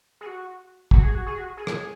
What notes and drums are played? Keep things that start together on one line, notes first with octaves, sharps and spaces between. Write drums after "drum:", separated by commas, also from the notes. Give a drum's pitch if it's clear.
G#4
F#4
F#4, drum: kick
G#4
F#4
G#4
F#4
G#4
drum: rim click